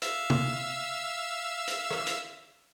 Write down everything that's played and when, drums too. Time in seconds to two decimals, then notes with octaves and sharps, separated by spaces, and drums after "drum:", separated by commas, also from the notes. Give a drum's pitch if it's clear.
0.02 E5 F5 E6, drum: hi-hat
0.30 drum: tom
1.68 drum: hi-hat
1.90 drum: rim click
2.07 drum: hi-hat